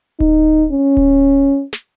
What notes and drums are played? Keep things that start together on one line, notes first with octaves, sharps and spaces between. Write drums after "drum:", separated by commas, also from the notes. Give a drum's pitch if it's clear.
D#4, drum: kick D1
C#4
drum: kick D1
drum: snare